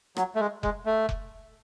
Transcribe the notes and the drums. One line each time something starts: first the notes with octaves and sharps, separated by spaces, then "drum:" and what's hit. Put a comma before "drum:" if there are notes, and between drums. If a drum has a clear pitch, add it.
F#3, drum: rim click
A3
G#3
G#3, drum: kick F1
A3
drum: kick F1